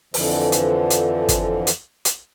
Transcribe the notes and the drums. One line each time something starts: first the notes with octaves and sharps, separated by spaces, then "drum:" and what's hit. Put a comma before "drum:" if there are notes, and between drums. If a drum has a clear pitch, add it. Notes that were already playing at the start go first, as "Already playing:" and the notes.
F2 D3 E3 F3, drum: open hi-hat
drum: hi-hat
drum: hi-hat
drum: kick, hi-hat
drum: hi-hat
drum: hi-hat